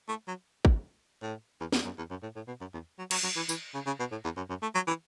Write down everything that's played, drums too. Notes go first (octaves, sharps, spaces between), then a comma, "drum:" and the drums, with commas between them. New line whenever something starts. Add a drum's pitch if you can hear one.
A3
F#3
drum: kick
A2
E2
E2, drum: snare
F#2
E2
F#2
A2
A2
B2
F#2
E2
F#3
F#3, drum: cymbal
F#3
E3
E3, drum: tambourine
C#3
C#3
B2
A2
E2
F#2
F#2
A3
F#3
E3